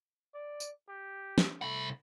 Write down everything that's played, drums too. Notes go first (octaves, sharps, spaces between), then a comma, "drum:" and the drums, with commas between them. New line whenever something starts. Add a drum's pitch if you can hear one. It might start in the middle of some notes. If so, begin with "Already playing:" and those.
D5
drum: tambourine
G4
drum: snare
C2 A3 B5